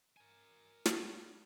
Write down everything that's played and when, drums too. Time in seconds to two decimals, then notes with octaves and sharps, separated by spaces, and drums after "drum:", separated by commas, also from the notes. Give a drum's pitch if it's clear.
0.17 A#4 G#5
0.86 drum: snare